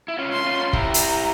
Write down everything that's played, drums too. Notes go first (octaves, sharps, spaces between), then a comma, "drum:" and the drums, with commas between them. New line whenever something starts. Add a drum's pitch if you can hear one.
E4
C#4 F4
C6
C#4 F4
E4 G4 A#5, drum: kick
drum: hi-hat